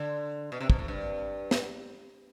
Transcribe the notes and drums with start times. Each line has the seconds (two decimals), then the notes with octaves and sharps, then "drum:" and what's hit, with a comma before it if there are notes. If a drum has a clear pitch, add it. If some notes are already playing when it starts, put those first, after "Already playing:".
Already playing: D3
0.52 B2
0.60 C3
0.70 B2, drum: kick
0.79 A2
0.88 G2
1.51 drum: snare